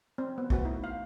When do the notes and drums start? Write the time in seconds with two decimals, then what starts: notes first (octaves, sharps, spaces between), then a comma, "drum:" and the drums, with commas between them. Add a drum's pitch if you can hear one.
0.18 C4
0.38 B3
0.50 A3 F#4 B4, drum: kick
0.65 D#4 E4
0.84 F5